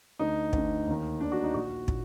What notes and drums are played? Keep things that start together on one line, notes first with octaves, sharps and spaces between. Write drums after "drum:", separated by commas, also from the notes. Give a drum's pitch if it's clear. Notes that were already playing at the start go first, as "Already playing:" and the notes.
D2 D3 D#4
D2 D3, drum: kick
D#2 D#3
D#2 D#3 D4
F#4
D#4
A#1 A#2 F#4
A#2, drum: kick